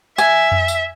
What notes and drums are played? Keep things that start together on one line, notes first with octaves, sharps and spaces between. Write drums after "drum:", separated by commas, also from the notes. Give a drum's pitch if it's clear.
E5 G#5, drum: tambourine
drum: tom F2
drum: tambourine